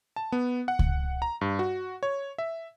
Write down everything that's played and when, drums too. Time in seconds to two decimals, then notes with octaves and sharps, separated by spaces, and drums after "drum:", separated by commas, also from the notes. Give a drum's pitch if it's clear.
0.16 A5
0.32 B3
0.68 F#5
0.79 drum: kick C#2
1.22 A#5
1.41 G2
1.59 F#4
2.03 C#5
2.38 E5